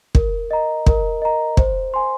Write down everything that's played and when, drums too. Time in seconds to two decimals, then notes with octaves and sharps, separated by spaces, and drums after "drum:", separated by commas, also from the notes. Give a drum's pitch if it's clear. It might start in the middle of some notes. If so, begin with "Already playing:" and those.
0.15 A#4, drum: kick
0.51 D#5 A#5
0.86 A#4, drum: kick
1.22 D#5 A#5
1.57 C5, drum: kick
1.94 G#5 C6